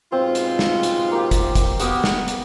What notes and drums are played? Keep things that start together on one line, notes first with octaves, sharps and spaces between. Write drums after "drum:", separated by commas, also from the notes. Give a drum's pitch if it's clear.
G#2 B2 C4 F4
drum: hi-hat
drum: snare
drum: hi-hat
A#3 G4
drum: kick, hi-hat
drum: kick, hi-hat
A#3 B3 F#4 G4 D6 D#6, drum: hi-hat
drum: snare
drum: hi-hat